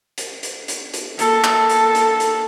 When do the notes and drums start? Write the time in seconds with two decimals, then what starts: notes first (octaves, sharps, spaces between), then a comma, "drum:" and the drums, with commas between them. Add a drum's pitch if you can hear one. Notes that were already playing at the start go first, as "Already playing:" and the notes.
0.18 drum: hi-hat
0.43 drum: hi-hat
0.68 drum: hi-hat
0.94 drum: hi-hat
1.19 A#3 A4, drum: hi-hat
1.44 drum: clap
1.69 drum: hi-hat
1.95 drum: hi-hat
2.20 drum: hi-hat